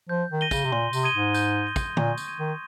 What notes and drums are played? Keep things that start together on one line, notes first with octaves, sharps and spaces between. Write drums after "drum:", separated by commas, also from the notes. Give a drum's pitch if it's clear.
F3 G6
D#3
A#6 D#7 G7
C#3, drum: kick, tambourine
C3
A#2 C6, drum: tom C3
C3, drum: tambourine
D#6 G#6 D#7 G7
G#2
G6, drum: tambourine
A#6 D#7 G7
drum: kick, tambourine
A#2 C#6, drum: tom
drum: tambourine
G#6 D#7
D#3